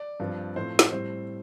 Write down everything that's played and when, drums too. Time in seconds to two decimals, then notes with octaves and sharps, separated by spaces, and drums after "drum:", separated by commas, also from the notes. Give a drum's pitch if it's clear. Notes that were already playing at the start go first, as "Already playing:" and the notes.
Already playing: D5
0.20 G2 F3 C4
0.56 A2 F3 A3 C4 C5
0.79 drum: snare
0.92 A2 G3 C4 C5